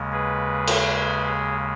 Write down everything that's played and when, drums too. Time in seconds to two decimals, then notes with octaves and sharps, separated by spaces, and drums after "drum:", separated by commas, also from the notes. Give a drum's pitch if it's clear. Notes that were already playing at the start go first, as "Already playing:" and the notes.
Already playing: D#2 C#3 G#3
0.12 G#4 B4
0.67 drum: cymbal
1.26 G#4